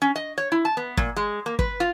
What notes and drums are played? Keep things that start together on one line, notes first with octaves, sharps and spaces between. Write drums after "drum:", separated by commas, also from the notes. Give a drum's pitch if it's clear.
C#4
D#5
C#5
E4
A5
B3
A#2, drum: kick
G#3
A#3
B4, drum: kick
F4